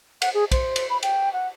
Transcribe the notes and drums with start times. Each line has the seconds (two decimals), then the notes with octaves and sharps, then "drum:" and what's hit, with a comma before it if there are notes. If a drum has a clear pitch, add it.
0.22 F#5, drum: cymbal
0.34 G#4
0.51 C5, drum: kick, cymbal
0.76 drum: cymbal
0.90 B5
1.03 G5, drum: cymbal
1.33 F#5